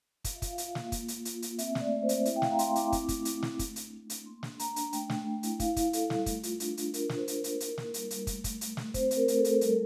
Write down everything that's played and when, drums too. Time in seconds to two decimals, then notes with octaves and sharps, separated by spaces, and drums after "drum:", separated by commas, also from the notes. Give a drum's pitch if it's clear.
0.24 F4 F5, drum: kick, hi-hat
0.35 E5
0.42 F4 F5, drum: kick, hi-hat
0.58 F4, drum: hi-hat
0.75 A#3, drum: snare
0.92 A#3, drum: kick, hi-hat
1.08 A#3, drum: hi-hat
1.25 F4, drum: hi-hat
1.42 A#3, drum: hi-hat
1.58 C4 E5, drum: hi-hat
1.75 A3, drum: snare
1.81 D5
1.92 A3
2.03 C5
2.09 C4, drum: hi-hat
2.25 E4 E5, drum: hi-hat
2.36 G5
2.42 A3 F5, drum: snare
2.51 A#5
2.59 C4 C6, drum: hi-hat
2.75 E4 D6, drum: hi-hat
2.92 C4, drum: kick, hi-hat
3.08 A3, drum: kick, hi-hat
3.25 E4, drum: hi-hat
3.43 A3, drum: snare
3.59 A3, drum: kick, hi-hat
3.76 D4, drum: hi-hat
3.92 A3
4.10 D4, drum: hi-hat
4.26 A#3 C6
4.43 D4, drum: snare
4.59 A#3 A#5, drum: hi-hat
4.76 D4, drum: hi-hat
4.93 A3 G5, drum: hi-hat
5.10 A3, drum: snare
5.26 A3
5.43 E4, drum: hi-hat
5.60 E4 F5, drum: kick, hi-hat
5.76 E4, drum: kick, hi-hat
5.93 E4 A4, drum: hi-hat
6.10 G3, drum: snare
6.26 A3, drum: kick, hi-hat
6.43 F4, drum: hi-hat
6.60 D4, drum: hi-hat
6.77 D4, drum: hi-hat
6.94 F4 A#4, drum: hi-hat
7.09 F4 A#4, drum: snare
7.16 C5
7.28 F4, drum: hi-hat
7.38 A#4
7.44 A#3, drum: hi-hat
7.60 E4, drum: hi-hat
7.78 A#3, drum: snare
7.94 G3, drum: hi-hat
8.11 G3, drum: hi-hat
8.27 A3, drum: kick, hi-hat
8.44 A3, drum: kick, hi-hat
8.61 A3, drum: hi-hat
8.77 A3, drum: snare
8.94 C4 C5, drum: kick, hi-hat
9.11 C4, drum: hi-hat
9.17 A#4
9.28 A3, drum: hi-hat
9.39 A4
9.44 A3, drum: hi-hat
9.54 A4
9.61 G3 A#4, drum: hi-hat